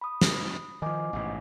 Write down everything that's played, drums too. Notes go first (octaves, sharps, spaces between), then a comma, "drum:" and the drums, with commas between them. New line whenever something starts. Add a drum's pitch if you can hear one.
B5 D#6
drum: snare
D#3 F3 D#5 G#5 D6
A1 G#2 B2